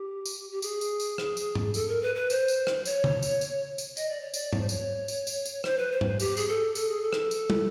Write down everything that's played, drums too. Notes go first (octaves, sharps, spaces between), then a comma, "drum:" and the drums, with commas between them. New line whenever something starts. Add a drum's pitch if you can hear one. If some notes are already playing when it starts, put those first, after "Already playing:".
Already playing: G4
drum: tambourine
G4
G#4, drum: tambourine
drum: tambourine
drum: tambourine
drum: rim click
drum: tambourine
drum: tom G#2
A4, drum: tambourine
A#4
B4
B4
C5, drum: tambourine
drum: tambourine
drum: rim click
C#5, drum: tambourine
drum: tom
drum: tambourine
drum: tambourine
drum: tambourine
D#5, drum: tambourine
D5
C#5
D5, drum: tambourine
C#5, drum: tom G#2
C5
C#5, drum: tambourine
drum: tambourine
drum: tambourine
drum: tambourine
C5, drum: rim click
B4
C5
drum: tom G#2
G4, drum: tambourine
G#4, drum: tambourine
A4
A4, drum: tambourine
G#4
A4
drum: rim click
drum: tambourine
drum: tom